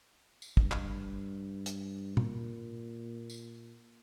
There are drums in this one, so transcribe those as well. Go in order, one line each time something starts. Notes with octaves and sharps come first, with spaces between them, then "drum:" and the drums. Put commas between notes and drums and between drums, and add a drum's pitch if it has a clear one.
drum: tambourine
G2, drum: kick
drum: clap
drum: hi-hat
A#2, drum: tom
drum: tambourine